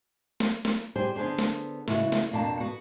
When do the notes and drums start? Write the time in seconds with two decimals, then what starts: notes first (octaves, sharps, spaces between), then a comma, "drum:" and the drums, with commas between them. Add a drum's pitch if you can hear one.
0.40 drum: snare
0.65 drum: snare
0.96 G3 G4 G#4 C5
1.16 D3 B3 D4 G#4 C5
1.39 drum: snare
1.88 C#3 E3 G#3 E4 F#4, drum: snare
2.12 drum: snare
2.32 F2 B2 A#3 D4 A5
2.60 B3 F#4